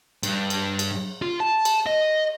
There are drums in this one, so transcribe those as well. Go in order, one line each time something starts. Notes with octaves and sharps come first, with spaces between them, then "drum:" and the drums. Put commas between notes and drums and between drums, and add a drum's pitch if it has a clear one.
G2, drum: cymbal
drum: cymbal
drum: cymbal
F4
A5
drum: cymbal
D#5